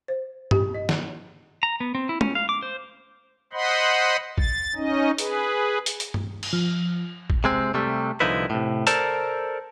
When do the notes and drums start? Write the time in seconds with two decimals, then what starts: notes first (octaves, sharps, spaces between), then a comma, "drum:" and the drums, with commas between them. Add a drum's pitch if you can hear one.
0.08 C5
0.51 G4, drum: tom G2
0.74 D#5
0.89 drum: snare
1.63 A#5
1.80 B3
1.95 C4
2.09 E4
2.21 C#4, drum: tom
2.35 F5
2.49 D6
2.63 C5
3.53 C5 D#5 F#5 B5 C6
4.38 A6, drum: kick
4.75 C#4 D#4 D#5
5.18 G#4 B4, drum: hi-hat
5.86 drum: hi-hat
6.00 drum: hi-hat
6.14 drum: tom G2
6.43 drum: cymbal
6.53 F3
7.30 drum: kick
7.44 C3 G#3 C4
7.74 C3 G3 A3
8.20 C2 D3 F3 D#4 E4 B4
8.50 A2 C3
8.87 A4 A#4 C5 D5 A5 A#5, drum: hi-hat